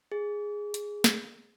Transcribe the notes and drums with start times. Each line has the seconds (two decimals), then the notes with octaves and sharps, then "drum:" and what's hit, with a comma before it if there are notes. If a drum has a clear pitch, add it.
0.12 G#4
0.74 drum: hi-hat
1.04 drum: snare